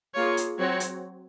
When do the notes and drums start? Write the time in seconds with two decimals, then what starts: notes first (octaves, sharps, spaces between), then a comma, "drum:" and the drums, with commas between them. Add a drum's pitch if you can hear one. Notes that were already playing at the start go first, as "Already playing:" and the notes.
0.16 A#3 F4 G#4 C#5
0.37 drum: hi-hat
0.59 F#3 C4 F#4 C#5
0.80 drum: hi-hat